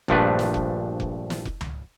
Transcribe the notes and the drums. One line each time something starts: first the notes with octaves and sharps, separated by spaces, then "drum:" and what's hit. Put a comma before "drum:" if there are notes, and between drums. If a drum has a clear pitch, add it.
A#1 G2 F3 A3 D4 B4, drum: kick F1
drum: snare
drum: kick F1
drum: kick F1
drum: snare
drum: kick F1
drum: tom C#2